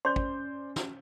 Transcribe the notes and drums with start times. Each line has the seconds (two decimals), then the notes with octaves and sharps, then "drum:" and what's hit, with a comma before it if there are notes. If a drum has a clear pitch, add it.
0.05 C#4 C5 D5 C6 G6
0.16 drum: kick
0.76 drum: snare